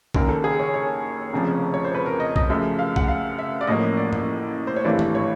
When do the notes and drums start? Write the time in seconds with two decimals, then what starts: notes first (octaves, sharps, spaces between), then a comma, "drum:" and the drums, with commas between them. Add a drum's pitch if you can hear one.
0.14 F#1 F#2 D#3 A#4, drum: kick B1
0.29 A4
0.44 G#4
0.59 C#5
0.74 C#5
1.33 F1 F2 C#3 F3
1.74 C#5
1.85 C5
1.95 B4
2.06 A#4
2.20 D#5
2.36 D#5, drum: kick B1
2.50 F#2 C#3 F3 A3 E5
2.79 F5
2.96 F#5, drum: kick B1
3.08 F5
3.39 E5
3.61 D5
3.67 A1 A2 F3 A#3 C#4 D#5
3.97 D5
4.13 drum: tom
4.67 C5
4.76 C#5
4.84 G#1 G2 E3 A3 D5
4.99 drum: tom
5.15 C#5